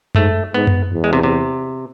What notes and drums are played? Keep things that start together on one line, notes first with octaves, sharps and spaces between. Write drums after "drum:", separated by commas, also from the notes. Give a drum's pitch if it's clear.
G#2 A3, drum: tom F#2
G#2 B3
drum: tom F#2
E2
G#3
C3
C3